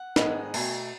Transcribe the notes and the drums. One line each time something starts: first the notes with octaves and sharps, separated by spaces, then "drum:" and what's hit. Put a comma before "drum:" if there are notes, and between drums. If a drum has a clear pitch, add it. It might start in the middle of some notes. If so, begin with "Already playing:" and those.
Already playing: F#5
G#2 D#3 G#3 B3, drum: snare
B2 A3 G#5, drum: cymbal